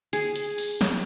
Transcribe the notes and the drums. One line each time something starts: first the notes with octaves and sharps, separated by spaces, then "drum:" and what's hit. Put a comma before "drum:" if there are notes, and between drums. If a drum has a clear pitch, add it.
G#4, drum: hi-hat
drum: hi-hat
drum: open hi-hat
drum: snare